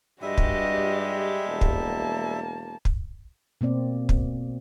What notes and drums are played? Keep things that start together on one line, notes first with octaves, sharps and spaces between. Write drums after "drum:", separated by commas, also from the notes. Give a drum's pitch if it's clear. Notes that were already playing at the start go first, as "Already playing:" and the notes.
G2 G3 G#3 F#4 G4 D#5 E5
drum: kick
E1 A#3 A5
drum: kick
drum: kick
B2 A#3 C4 D5
drum: kick